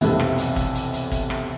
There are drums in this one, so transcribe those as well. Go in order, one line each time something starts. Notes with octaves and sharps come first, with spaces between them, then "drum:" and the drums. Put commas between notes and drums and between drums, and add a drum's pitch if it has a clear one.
B1 F2 C3 E3, drum: hi-hat
drum: rim click
drum: hi-hat
drum: kick, hi-hat
drum: hi-hat
drum: hi-hat
drum: kick, hi-hat
drum: rim click